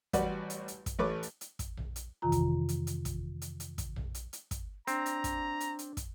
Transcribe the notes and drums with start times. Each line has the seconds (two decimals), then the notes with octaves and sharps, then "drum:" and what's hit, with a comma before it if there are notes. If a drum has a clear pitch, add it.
0.13 A1 G3 F#4 B4 D5 F#5, drum: kick, hi-hat
0.50 drum: hi-hat
0.68 drum: hi-hat
0.86 drum: kick, hi-hat
0.99 A1 A3 B4 C#5 D6
1.23 drum: hi-hat
1.41 drum: hi-hat
1.59 drum: kick, hi-hat
1.77 drum: tom A#1
1.96 drum: hi-hat
2.22 F2 C3 D#3 E3 F4 A#5
2.32 drum: kick, hi-hat
2.69 drum: hi-hat
2.87 drum: hi-hat
3.05 drum: kick, hi-hat
3.42 drum: hi-hat
3.60 drum: hi-hat
3.78 drum: kick, hi-hat
3.96 drum: tom A#1
4.15 drum: hi-hat
4.33 drum: hi-hat
4.51 drum: kick, hi-hat
4.87 C4 D4 A#5, drum: hi-hat
5.06 drum: hi-hat
5.24 drum: kick, hi-hat
5.60 drum: hi-hat
5.79 drum: hi-hat
5.97 drum: kick, hi-hat